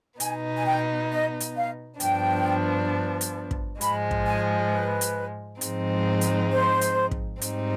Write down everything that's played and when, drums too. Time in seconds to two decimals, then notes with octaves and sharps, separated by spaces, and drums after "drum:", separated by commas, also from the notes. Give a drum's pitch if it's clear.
0.20 B2 B3 D#4 G#5, drum: hi-hat
0.57 G#5
0.65 G5
1.11 D#5
1.40 drum: hi-hat
1.56 F5
2.00 G2 F3 B3 D4 G5, drum: hi-hat
3.21 drum: hi-hat
3.51 drum: kick
3.81 G#2 F3 G#3 B5, drum: hi-hat
4.11 drum: kick
4.26 G#5
4.71 B4
5.01 drum: hi-hat
5.61 G#2 F3 G#3 C4 D#4, drum: hi-hat
6.21 drum: hi-hat
6.51 C5
6.81 drum: hi-hat
7.11 drum: kick
7.41 G#2 G3 C4 D#4, drum: hi-hat